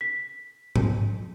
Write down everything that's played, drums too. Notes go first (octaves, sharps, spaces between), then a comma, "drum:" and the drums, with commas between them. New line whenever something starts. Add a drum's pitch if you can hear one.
B6
drum: tom G#2